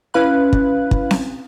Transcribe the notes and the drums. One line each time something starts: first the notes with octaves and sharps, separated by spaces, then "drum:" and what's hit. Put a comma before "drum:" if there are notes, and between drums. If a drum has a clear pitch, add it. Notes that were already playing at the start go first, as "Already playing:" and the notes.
C#4 E4 B4 F5 B5 F#6
drum: kick
drum: kick
drum: snare C4